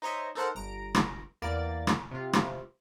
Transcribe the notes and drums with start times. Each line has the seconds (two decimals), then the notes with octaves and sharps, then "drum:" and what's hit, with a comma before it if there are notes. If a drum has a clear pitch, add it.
0.02 D#4 C5 C#5 D#5 E5
0.35 D#4 A4 A#4 C5 F#5 A5
0.55 G1 A#5 D7
0.95 drum: rim click
1.42 E2 A#3 D5 A6
1.87 drum: rim click
2.11 C3 F4
2.33 drum: rim click